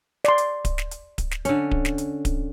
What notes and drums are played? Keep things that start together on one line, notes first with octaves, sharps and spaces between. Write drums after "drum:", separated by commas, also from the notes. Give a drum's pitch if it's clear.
D5 C6, drum: snare
drum: hi-hat
drum: kick D1, hi-hat
drum: snare
drum: hi-hat
drum: kick D1, hi-hat
drum: snare
D3 C#4, drum: hi-hat
drum: kick D1
drum: snare
drum: hi-hat
drum: kick D1, hi-hat